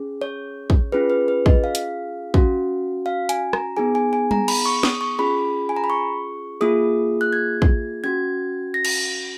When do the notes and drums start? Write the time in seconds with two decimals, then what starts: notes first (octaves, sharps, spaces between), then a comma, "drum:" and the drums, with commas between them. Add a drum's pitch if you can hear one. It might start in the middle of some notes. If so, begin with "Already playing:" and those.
Already playing: C#4 G#4
0.21 C#5
0.70 drum: kick
0.92 C#4 F4 G#4 B4
1.10 B4
1.28 B4
1.46 D#5, drum: kick
1.64 F5
1.75 drum: hi-hat
2.34 C#4 F#4, drum: kick
3.06 F5
3.29 G#5, drum: hi-hat
3.53 A#5, drum: rim click
3.77 B3 D#4 G#4 G#5
3.95 G#5
4.13 G#5
4.31 A#5, drum: tom G3
4.48 B5, drum: cymbal
4.66 C#6
4.83 D#6, drum: snare
5.01 C#6
5.19 C#4 F4 G#4 B5
5.69 G#5
5.76 A#5
5.84 B5
5.90 C#6
6.61 A#3 F4 G#4 D#6
7.21 F#6
7.33 G#6
7.62 drum: kick
8.04 C#4 F#4 G#6
8.74 A#6
8.85 drum: cymbal